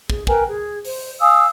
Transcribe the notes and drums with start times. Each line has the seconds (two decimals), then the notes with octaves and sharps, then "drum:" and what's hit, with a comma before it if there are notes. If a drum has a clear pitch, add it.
0.10 G#4, drum: kick
0.27 A#4 B4 G5 G#5, drum: kick
0.49 G#4
0.85 C5, drum: open hi-hat
1.20 F5 G#5 D#6 E6